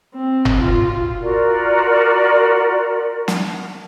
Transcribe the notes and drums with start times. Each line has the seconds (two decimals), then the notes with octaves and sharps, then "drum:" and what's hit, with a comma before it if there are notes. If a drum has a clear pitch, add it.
0.15 C4
0.45 drum: tom F#1
0.61 F4
1.21 F4 F#4 A#4 D5
3.28 drum: snare